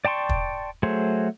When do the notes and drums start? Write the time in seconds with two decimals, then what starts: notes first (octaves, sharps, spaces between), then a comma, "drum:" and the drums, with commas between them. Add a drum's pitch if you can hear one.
0.05 D5 G5 A5 C6 C#6
0.29 drum: kick
0.83 F#3 A3 G#4 C5